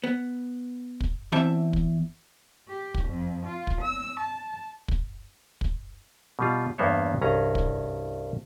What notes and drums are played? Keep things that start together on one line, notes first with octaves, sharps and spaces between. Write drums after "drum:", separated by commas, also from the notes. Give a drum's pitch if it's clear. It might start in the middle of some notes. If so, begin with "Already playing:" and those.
B3
drum: kick
E2 E3 C4 E5 A5
drum: kick
G4
drum: kick
F2
F4
drum: kick
E6
A5
drum: kick
drum: kick
B2 G3 F4
E2 G2 A#3 B3 C5 C#5
C2 G2 C#4 G#4 A#5
drum: kick